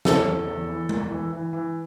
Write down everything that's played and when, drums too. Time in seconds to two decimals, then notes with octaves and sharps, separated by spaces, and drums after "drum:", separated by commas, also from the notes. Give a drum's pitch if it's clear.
0.05 E2 A4, drum: snare
0.26 E2
0.48 E2
0.69 E3
0.89 E2, drum: tom G#3
1.11 E3
1.33 E3
1.53 E3